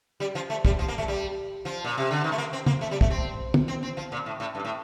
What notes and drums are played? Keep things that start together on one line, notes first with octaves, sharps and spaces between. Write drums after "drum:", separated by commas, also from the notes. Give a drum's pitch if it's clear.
G3
F3
A3
G3, drum: kick
F3
A#3
A3
G3
F3
A#2
C3
D3
D#3
A3
A#3
C4
A#3, drum: tom
A3
G3
A3, drum: kick
C4
drum: tom
C4
C4
F3
A#2
A2
A2
G2
A2